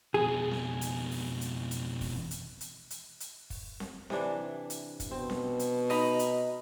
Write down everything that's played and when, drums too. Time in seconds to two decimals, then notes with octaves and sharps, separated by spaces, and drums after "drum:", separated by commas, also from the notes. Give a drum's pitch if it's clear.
0.14 F2 B2 G#4
0.51 drum: snare C4
0.81 drum: hi-hat
1.11 drum: open hi-hat
1.41 drum: hi-hat
1.71 drum: hi-hat
2.01 drum: kick, open hi-hat
2.31 drum: hi-hat
2.61 drum: hi-hat
2.90 drum: hi-hat
3.20 drum: hi-hat
3.50 drum: kick, open hi-hat
3.80 drum: snare C4
4.10 C3 E3 D4, drum: snare C4
4.70 drum: hi-hat
5.00 drum: kick, hi-hat
5.11 B2 C4
5.30 drum: snare C4
5.59 drum: hi-hat
5.90 D#4 D#5 A#5 B5, drum: open hi-hat
6.19 drum: hi-hat